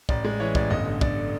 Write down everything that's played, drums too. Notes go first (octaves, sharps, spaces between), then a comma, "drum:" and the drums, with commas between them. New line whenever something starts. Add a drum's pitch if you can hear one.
A1 D5, drum: kick
G#3
E3 C#5
A1 D5, drum: kick
G1 D#5
D3
D3 D5, drum: kick